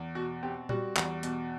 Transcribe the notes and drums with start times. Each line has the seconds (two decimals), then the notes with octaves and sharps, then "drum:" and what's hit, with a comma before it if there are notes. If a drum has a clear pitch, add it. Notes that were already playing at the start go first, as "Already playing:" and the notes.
Already playing: E2
0.15 B2 F#4
0.43 C4 G4
0.69 G3 F#4, drum: tom A#2
0.97 E2, drum: clap
1.23 B2, drum: hi-hat